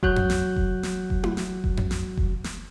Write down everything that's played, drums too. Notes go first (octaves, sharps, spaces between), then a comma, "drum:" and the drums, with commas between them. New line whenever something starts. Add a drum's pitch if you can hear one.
F#3 F#4 F#6 G6, drum: kick F1
drum: tom F2
drum: snare
drum: kick F1
drum: snare
drum: kick F1
drum: tom E4
drum: snare
drum: kick F1
drum: tom F2
drum: snare
drum: kick F1
drum: snare